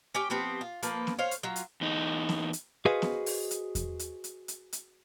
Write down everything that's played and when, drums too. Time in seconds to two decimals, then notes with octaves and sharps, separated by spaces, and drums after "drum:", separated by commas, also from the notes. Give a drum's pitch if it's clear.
0.15 C#4 G4 G5
0.30 F3 B3 C4 G4
0.61 F4
0.83 F3 A#3 A4 B4, drum: hi-hat
1.07 drum: snare B3
1.19 C5 C#5 F5
1.31 drum: hi-hat
1.43 F#3 F4
1.56 drum: hi-hat
1.81 E2 D#4
2.29 drum: snare B3
2.53 drum: hi-hat
2.85 F#4 G#4 B4 C5 D#5 F5
3.02 drum: snare B3
3.26 drum: open hi-hat
3.51 drum: hi-hat
3.75 drum: kick E2, hi-hat
3.99 drum: hi-hat
4.24 drum: hi-hat
4.48 drum: hi-hat
4.73 drum: hi-hat